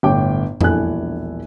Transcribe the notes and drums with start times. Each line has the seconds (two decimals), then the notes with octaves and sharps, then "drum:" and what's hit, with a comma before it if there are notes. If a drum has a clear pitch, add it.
0.03 G1 A2 C#5 G5 D6
0.61 E1 A#1 E4 A4 G#5 F#6, drum: tom F2